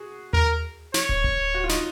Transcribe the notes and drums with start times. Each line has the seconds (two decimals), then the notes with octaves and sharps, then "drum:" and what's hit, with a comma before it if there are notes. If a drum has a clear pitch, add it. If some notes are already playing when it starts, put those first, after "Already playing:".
Already playing: F#4 G#4
0.33 A#4, drum: tom D#2
0.94 C#5, drum: snare
1.09 drum: kick
1.24 drum: kick
1.54 F#4
1.64 F4
1.69 D#4, drum: snare